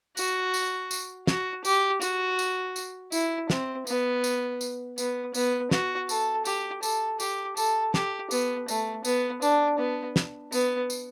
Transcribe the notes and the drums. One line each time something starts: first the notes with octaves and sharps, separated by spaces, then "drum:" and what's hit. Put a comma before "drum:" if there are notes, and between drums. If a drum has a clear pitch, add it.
F#4, drum: tambourine
drum: tambourine
drum: tambourine
F#4, drum: snare
G4, drum: tambourine
F#4, drum: tambourine
drum: tambourine
drum: tambourine
E4, drum: tambourine
C4, drum: snare
B3, drum: tambourine
drum: tambourine
drum: tambourine
B3, drum: tambourine
B3, drum: tambourine
F#4, drum: snare
A4, drum: tambourine
G4, drum: tambourine
A4, drum: tambourine
G4, drum: tambourine
A4, drum: tambourine
G4, drum: snare
B3, drum: tambourine
A3, drum: tambourine
B3, drum: tambourine
D4, drum: tambourine
B3
drum: snare
B3, drum: tambourine
drum: tambourine